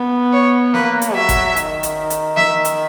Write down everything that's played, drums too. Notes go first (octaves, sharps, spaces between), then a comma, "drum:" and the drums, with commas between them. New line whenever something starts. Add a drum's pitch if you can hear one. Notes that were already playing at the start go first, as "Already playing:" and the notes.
Already playing: B3
C#5
A#3 B4, drum: snare
drum: hi-hat
F#3 E5
drum: kick G1, hi-hat
D#3, drum: hi-hat
drum: hi-hat
drum: hi-hat
E5, drum: snare
drum: hi-hat